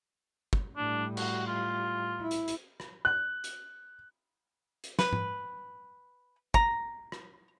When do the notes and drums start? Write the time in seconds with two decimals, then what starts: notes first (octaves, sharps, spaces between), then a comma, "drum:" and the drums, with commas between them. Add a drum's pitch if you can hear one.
0.53 drum: kick
0.77 A2 G3 D4
1.17 F#4, drum: cymbal
1.47 F4
2.21 E4
2.31 drum: hi-hat
2.48 drum: hi-hat
2.80 drum: rim click
3.05 F#6
3.44 drum: hi-hat
4.84 drum: hi-hat
4.99 B4, drum: snare
5.13 drum: tom G#2
6.54 A#5, drum: kick
7.12 drum: rim click